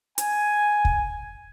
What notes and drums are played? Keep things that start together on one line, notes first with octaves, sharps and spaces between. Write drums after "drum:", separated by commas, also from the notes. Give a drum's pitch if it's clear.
G#5, drum: hi-hat
drum: kick